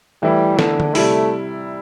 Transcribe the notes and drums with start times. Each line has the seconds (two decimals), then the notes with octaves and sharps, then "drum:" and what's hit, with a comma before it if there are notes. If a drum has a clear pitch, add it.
0.23 E3 G3 A3 E4
0.59 D3, drum: snare
0.80 drum: tom D3
0.95 C3 G3 A3 E4, drum: open hi-hat